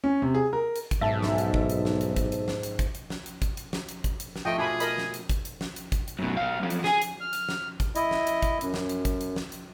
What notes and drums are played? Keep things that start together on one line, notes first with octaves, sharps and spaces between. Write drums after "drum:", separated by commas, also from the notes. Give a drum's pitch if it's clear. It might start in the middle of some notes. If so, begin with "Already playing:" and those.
C#4
C3
G#4
A#4
drum: hi-hat
drum: kick, hi-hat
B1 G#2 E5 A5
drum: snare
drum: hi-hat
drum: kick
drum: hi-hat
drum: snare
drum: hi-hat
drum: kick, hi-hat
drum: hi-hat
drum: snare
drum: hi-hat
drum: kick, hi-hat
drum: hi-hat
drum: snare
drum: hi-hat
drum: kick, hi-hat
drum: hi-hat
drum: snare
drum: hi-hat
drum: kick, hi-hat
drum: hi-hat
drum: snare
F3 A3 C#4 D#5 G5
B2 D4 F4 G#4 G#5 B5
A#4 D#5 B5, drum: hi-hat
drum: snare
drum: hi-hat
drum: kick, hi-hat
drum: hi-hat
drum: snare
drum: hi-hat
drum: kick, hi-hat
drum: hi-hat
F#2 B2
B1 F5
F#2 F3
drum: hi-hat
G#4 G#5, drum: snare
drum: hi-hat
F6
drum: hi-hat
drum: snare
drum: kick, hi-hat
E4 D#5, drum: hi-hat
drum: snare
drum: hi-hat
drum: kick, hi-hat
F#2, drum: hi-hat
drum: snare
drum: hi-hat
drum: kick, hi-hat
drum: hi-hat
drum: snare
drum: hi-hat